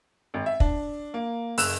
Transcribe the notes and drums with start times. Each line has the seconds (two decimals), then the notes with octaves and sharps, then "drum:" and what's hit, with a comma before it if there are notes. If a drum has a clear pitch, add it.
0.34 G#1
0.46 E5
0.60 D4, drum: kick
1.14 A#3
1.58 F#1 E6 F#6 E7, drum: open hi-hat